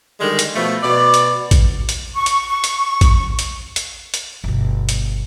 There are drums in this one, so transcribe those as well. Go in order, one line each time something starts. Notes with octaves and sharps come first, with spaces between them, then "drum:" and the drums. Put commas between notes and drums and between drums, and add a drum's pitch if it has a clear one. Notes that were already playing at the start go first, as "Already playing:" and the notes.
D3 D#3 G3 G#3
drum: hi-hat
B2 F3 A3
B2 D5
drum: hi-hat
drum: kick, hi-hat
drum: hi-hat
C#6
drum: hi-hat
C#6
drum: hi-hat
drum: kick, hi-hat
drum: hi-hat
drum: hi-hat
drum: hi-hat
G1 B2
drum: hi-hat